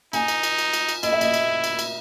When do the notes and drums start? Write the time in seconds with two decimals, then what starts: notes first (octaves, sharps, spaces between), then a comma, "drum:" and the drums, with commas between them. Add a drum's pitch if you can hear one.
0.13 D#4 G#5, drum: cymbal
0.28 drum: cymbal
0.43 drum: cymbal
0.58 drum: cymbal
0.73 drum: cymbal
0.89 drum: cymbal
1.03 E4 D#5, drum: cymbal
1.12 E5
1.21 D#5, drum: cymbal
1.34 drum: cymbal
1.64 drum: cymbal
1.79 drum: cymbal